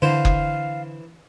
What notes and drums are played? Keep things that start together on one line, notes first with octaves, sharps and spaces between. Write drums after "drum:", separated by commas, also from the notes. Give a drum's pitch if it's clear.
D3 E3 C5 F5
drum: kick F#1